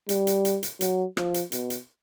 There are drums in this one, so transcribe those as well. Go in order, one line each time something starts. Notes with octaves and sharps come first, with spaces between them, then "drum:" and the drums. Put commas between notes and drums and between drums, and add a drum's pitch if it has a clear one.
G3, drum: hi-hat
drum: hi-hat
drum: hi-hat
drum: hi-hat
F#3, drum: hi-hat
F3, drum: rim click
drum: hi-hat
B2, drum: hi-hat
drum: hi-hat